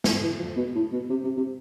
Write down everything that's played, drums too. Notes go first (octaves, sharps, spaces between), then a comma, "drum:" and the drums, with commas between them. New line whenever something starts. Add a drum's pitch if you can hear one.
F3, drum: snare
E3
F3
B2
A2
B2
C3
C3
C3